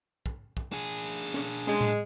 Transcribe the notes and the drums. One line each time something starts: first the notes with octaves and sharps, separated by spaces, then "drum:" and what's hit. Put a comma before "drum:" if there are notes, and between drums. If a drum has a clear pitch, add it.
drum: kick
drum: kick
D4 G#4
drum: snare
G#3, drum: snare
drum: tom A2